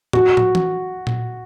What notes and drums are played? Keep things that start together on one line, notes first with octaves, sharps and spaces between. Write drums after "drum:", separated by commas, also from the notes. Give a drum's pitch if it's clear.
F#4, drum: tom
drum: tom
drum: tom E3
drum: tom A#2